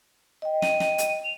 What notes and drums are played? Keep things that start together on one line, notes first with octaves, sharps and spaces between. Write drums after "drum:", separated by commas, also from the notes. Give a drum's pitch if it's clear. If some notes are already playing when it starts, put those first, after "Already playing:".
D#5 G5
D#7, drum: snare
drum: snare
drum: hi-hat
F7